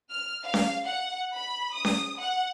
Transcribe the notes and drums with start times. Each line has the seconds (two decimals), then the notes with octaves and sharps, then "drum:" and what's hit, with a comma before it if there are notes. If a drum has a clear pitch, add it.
0.10 F6
0.43 F5
0.54 drum: snare C#4
0.86 F#5
1.34 B5
1.75 D#6
1.85 drum: snare C#4
2.19 F#5